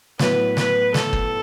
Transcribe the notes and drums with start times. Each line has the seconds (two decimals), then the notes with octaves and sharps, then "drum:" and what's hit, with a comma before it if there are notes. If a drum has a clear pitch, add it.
0.19 A2 F#3 B3 E4 B4, drum: snare
0.57 B4, drum: snare
0.94 A4, drum: snare
1.13 drum: kick